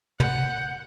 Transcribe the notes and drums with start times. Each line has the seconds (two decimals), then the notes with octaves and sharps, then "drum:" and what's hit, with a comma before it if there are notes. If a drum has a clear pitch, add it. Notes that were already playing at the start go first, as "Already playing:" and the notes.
0.20 F#5 G6, drum: tom